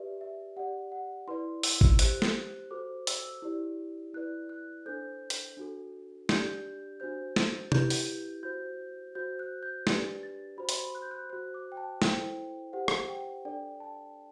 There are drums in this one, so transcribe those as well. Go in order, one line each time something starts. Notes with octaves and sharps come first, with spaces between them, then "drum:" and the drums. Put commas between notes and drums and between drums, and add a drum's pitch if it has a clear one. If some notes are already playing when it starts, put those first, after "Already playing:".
Already playing: G4 B4 D5 E5
E5
G4 D5 F#5
F#5
E4 B4 D5 C6
E6, drum: open hi-hat
drum: kick G#1
G4 C5 F#6, drum: hi-hat
drum: snare
F#4 A4 C5 D6
E6, drum: hi-hat
E4 G4 D5
E4 B4 D5 F#6
F#6
D4 A4 C5 G6
drum: hi-hat
D4 F#4 A4
D4 G4 D5 G6, drum: snare
D4 F#4 C5 G6
A6, drum: snare
E4 G4 B4 G6, drum: tom
drum: open hi-hat
F#4 C5 G6
F#4 C5 G6
F#6
G6
D4 G4 B4 D5 A6, drum: snare
A6
F#4 C5 B5
C6, drum: hi-hat
B5
F#6
G6
F#6
F#4 C5 F#6
D6
G5
A5
E4 A4 C5 G5, drum: snare
G4 C5 F#5
drum: rim click
G5
D4 A4 D5 G5
A5